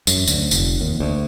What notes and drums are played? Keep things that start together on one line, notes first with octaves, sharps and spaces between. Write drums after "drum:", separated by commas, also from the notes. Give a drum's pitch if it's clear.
F#2, drum: tambourine
D2, drum: tambourine
F1, drum: tambourine
D#2
D2